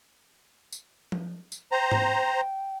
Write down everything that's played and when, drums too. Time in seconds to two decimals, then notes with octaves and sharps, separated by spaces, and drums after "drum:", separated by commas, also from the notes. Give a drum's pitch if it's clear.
0.73 drum: tambourine
1.12 drum: tom F3
1.52 drum: tambourine
1.72 C5 G5 A#5
1.91 drum: tom G#2